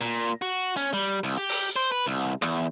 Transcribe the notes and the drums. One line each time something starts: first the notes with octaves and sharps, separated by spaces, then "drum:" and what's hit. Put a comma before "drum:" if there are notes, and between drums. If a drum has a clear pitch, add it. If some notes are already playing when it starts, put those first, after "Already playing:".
A#2
F#4
C#4
G3
C2
G4
drum: open hi-hat
C5
B4
C2
E2, drum: rim click